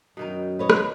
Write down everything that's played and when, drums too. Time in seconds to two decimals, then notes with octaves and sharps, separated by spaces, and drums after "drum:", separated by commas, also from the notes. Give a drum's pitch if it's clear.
0.17 F#2 B2 D#3 D#4
0.59 B4 C#5 D#5
0.70 drum: rim click